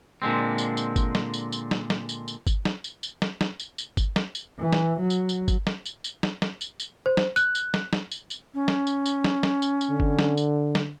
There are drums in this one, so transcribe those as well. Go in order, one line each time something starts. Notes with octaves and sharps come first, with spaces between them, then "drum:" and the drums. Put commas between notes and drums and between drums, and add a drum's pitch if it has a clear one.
A#2 D3 G#3 C4
drum: tambourine
drum: tambourine
drum: kick G1, tambourine
drum: snare
drum: tambourine
drum: tambourine
drum: snare
drum: snare
drum: tambourine
drum: tambourine
drum: kick G1, tambourine
drum: snare
drum: tambourine
drum: tambourine
drum: snare
drum: snare
drum: tambourine
drum: tambourine
drum: kick G1, tambourine
drum: snare
drum: tambourine
E3
drum: snare
F#3
drum: tambourine
drum: tambourine
drum: kick G1, tambourine
drum: snare
drum: tambourine
drum: tambourine
drum: snare
drum: snare
drum: tambourine
drum: tambourine
C5
drum: snare
F#6, drum: tambourine
drum: tambourine
drum: snare
drum: snare
drum: tambourine
drum: tambourine
C#4
drum: snare
drum: tambourine
drum: tambourine
drum: snare
drum: snare
drum: tambourine
drum: tambourine
D3
drum: kick G1
drum: snare
drum: tambourine
drum: snare